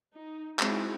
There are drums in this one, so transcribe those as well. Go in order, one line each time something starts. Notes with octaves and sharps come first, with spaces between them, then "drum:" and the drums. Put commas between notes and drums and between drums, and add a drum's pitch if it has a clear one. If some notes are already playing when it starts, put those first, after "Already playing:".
D#4
F#3 G#3 C4 D#4 E4 F#4, drum: clap